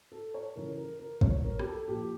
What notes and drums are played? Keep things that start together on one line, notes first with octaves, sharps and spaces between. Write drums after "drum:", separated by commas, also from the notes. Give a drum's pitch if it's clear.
A4
C#5
C#3 E3 A#4
A#4
A#4
A2 E3 C#5, drum: kick
A#4
G4, drum: rim click
A4
A#2 F3 G4